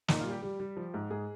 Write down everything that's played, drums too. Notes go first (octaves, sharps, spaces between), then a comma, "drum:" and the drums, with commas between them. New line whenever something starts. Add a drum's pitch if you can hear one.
A#2 D#4, drum: snare
G3 F4
G4
G3 G4
G3
F3
G#2
G#2 G#4